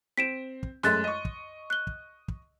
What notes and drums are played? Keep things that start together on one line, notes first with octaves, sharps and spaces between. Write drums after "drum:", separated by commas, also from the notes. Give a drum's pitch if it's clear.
C4 B6 D7 E7
drum: kick
F#2 G#3 A3 C6 F#6 A6, drum: snare
D#5 C#6
drum: kick
F#6 G7
drum: kick
drum: kick